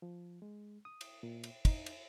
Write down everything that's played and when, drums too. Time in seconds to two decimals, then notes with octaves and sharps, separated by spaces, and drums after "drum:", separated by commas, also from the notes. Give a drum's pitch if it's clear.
0.02 F3
0.42 G#3
0.85 D#6
1.01 drum: cymbal
1.23 A#2
1.44 drum: cymbal
1.65 D#4, drum: kick, cymbal
1.86 drum: cymbal